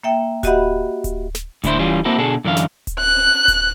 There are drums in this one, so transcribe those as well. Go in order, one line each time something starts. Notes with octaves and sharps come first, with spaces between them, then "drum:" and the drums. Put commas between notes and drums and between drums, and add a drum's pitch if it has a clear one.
A#3 E5 G5
F#4 G4 D#5 E5 F#5 B5, drum: kick D1, hi-hat
drum: kick D1, hi-hat
drum: snare
D2 A2 D3 E4 C5, drum: kick D1, hi-hat
E3 G3 C#4 F4
A#3 C4 E4 F#4 A4
B2 D3 G#4 A4
F#2 D3 E3 F5
drum: snare
drum: kick D1, hi-hat
F#6
drum: kick D1, hi-hat